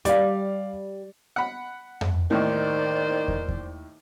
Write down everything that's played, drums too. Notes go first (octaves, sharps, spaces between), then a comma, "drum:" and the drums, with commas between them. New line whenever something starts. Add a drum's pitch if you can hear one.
G3 D5 F5, drum: hi-hat
F#5 B5
drum: tom F2
D#2 A2 D#3 C5 D5
drum: kick
drum: kick